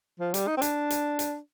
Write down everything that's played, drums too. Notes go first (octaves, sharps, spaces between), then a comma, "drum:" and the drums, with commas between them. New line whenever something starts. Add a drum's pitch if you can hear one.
F3
G3, drum: hi-hat
D#4
C4
D4, drum: hi-hat
drum: hi-hat
drum: hi-hat